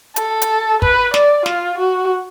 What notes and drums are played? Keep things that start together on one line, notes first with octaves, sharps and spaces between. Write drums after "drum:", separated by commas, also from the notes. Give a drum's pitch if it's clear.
A4, drum: hi-hat
drum: hi-hat
B4, drum: kick
D5, drum: snare
F4, drum: snare
F#4